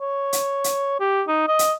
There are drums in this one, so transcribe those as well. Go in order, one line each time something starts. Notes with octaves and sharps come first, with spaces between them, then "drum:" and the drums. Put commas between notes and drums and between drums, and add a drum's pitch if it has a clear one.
C#5
drum: hi-hat
drum: hi-hat
G4
D#4
D#5
drum: hi-hat